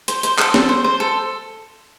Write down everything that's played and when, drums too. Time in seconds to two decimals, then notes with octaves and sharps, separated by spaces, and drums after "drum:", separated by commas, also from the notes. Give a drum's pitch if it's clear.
0.08 C5, drum: hi-hat
0.23 C5, drum: hi-hat
0.38 A4, drum: clap
0.54 A4, drum: snare C4
0.69 C5
0.84 C5
1.00 A4